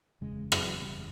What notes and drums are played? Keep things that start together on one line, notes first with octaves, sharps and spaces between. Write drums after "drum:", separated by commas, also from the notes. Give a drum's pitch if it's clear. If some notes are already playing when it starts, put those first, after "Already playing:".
F#1 E2 C#3 G#3
F#3, drum: rim click
F#1 E2 C#3 G3